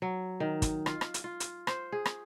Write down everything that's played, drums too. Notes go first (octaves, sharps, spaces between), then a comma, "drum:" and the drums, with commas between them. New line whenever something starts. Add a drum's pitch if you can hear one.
F#3
D#3
drum: kick, hi-hat
F4, drum: rim click
drum: rim click
drum: hi-hat
F4
drum: hi-hat
C5, drum: rim click
G#4
drum: rim click